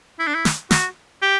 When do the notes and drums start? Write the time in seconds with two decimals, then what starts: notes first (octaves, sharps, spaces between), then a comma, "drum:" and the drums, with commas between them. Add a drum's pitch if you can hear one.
0.19 E4
0.27 D4
0.34 E4
0.45 drum: snare
0.71 F#4, drum: snare
1.22 G4